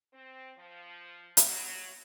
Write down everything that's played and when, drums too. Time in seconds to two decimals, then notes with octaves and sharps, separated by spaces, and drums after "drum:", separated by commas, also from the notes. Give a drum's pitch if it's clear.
0.13 C4
0.57 F3
1.37 drum: hi-hat
1.47 F#3